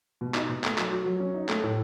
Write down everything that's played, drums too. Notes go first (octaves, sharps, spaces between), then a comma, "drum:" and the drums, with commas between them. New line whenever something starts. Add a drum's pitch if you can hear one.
B2
D#4, drum: clap
B2
A3, drum: clap
F#3, drum: clap
F#4
F#3
C#4
D#4
A3, drum: clap
A2